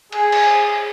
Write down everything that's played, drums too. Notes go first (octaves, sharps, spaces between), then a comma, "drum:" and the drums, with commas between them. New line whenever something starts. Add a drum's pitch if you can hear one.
G#4, drum: cymbal
drum: cymbal